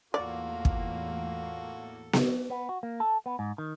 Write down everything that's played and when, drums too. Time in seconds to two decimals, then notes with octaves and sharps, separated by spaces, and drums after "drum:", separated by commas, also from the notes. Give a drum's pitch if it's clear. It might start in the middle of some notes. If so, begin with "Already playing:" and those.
0.14 E2 A2 A#3 F4 F#4 A4 D5
0.65 drum: kick
2.13 drum: snare B3
2.50 B3
2.69 F#4
2.83 A#3
3.00 A4
3.26 B3
3.39 G#2
3.58 D#3